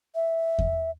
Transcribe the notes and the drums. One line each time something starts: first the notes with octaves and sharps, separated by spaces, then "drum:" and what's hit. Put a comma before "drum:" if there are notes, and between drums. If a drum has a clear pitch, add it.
E5
drum: kick E2